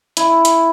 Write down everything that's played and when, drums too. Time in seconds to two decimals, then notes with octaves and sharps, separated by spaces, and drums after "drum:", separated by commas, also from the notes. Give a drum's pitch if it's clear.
0.17 E4, drum: hi-hat
0.45 drum: hi-hat